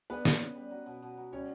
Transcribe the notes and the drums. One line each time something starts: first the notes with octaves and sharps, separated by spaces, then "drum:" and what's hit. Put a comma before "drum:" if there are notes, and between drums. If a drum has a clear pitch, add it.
B3 D4 B4
C#3, drum: snare
C#3
G3
F#3
B2
B2
F#3
G3 C#4 C#5